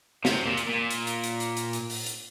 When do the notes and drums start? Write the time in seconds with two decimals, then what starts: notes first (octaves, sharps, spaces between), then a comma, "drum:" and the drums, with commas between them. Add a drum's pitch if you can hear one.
0.25 C3, drum: snare
0.46 A#2
0.57 drum: hi-hat
0.69 A#2
0.91 drum: hi-hat
1.07 drum: hi-hat
1.24 drum: hi-hat
1.40 drum: hi-hat
1.57 drum: hi-hat
1.73 drum: hi-hat
1.90 drum: open hi-hat
2.06 drum: hi-hat